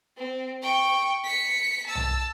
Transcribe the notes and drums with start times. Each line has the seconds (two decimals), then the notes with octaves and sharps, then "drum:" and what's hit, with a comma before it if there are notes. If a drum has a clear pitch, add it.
0.17 C4
0.62 G5 C#6
1.24 B6 C#7
1.86 A5 E6
1.95 drum: tom